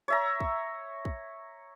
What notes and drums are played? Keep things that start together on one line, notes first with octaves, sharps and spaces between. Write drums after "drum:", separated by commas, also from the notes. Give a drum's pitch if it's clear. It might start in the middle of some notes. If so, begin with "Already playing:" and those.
C#5 E5 A#5
drum: kick
drum: kick